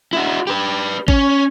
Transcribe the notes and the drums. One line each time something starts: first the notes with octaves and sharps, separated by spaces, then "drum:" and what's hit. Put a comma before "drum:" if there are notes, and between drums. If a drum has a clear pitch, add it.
E4 F#4
G4 B4
C#4, drum: kick G#1